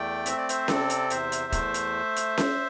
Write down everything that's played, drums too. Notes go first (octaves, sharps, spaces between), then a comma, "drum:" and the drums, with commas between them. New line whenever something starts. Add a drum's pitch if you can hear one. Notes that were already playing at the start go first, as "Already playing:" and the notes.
Already playing: E2 A3 D5 G5
C4 E5, drum: hi-hat
D5
C5 E5, drum: hi-hat
C3 A4 D5, drum: snare C#4
drum: hi-hat
E2 C5 E5, drum: hi-hat
drum: hi-hat
A3, drum: kick, hi-hat
drum: hi-hat
drum: hi-hat
drum: snare C#4